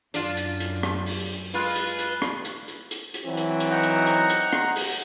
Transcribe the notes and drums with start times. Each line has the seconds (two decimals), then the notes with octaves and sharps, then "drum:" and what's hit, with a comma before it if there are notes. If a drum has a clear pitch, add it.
0.14 F#2 D4 F4, drum: hi-hat
0.37 drum: hi-hat
0.60 drum: hi-hat
0.83 drum: rim click
1.06 drum: open hi-hat
1.54 G#3 F4 B4, drum: hi-hat
1.76 drum: hi-hat
1.99 drum: hi-hat
2.22 drum: rim click
2.45 drum: hi-hat
2.68 drum: hi-hat
2.91 drum: hi-hat
3.14 drum: hi-hat
3.26 E3 F#3 C4
3.37 drum: hi-hat
3.60 drum: hi-hat
3.70 D#4 F#5 A#5
3.83 drum: hi-hat
4.06 drum: hi-hat
4.30 drum: hi-hat
4.53 drum: rim click
4.76 drum: open hi-hat